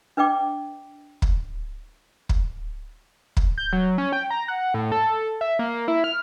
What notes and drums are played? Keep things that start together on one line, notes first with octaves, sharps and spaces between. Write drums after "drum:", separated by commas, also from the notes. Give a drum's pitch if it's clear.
D4 B4 D#5 G5 D6
drum: kick
drum: kick
drum: kick
G6
F#3
C#4
G5
A#5
F#5
A2
A4
E5
A#3
E4
F6